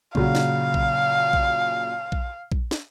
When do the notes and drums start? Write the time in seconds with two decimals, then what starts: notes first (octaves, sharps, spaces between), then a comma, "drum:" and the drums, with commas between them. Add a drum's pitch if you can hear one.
0.15 A#2 C#3 F#3 F5, drum: kick A#1
0.35 drum: snare
0.74 drum: kick A#1
1.33 drum: kick A#1
2.12 drum: kick A#1
2.52 drum: kick A#1
2.71 drum: snare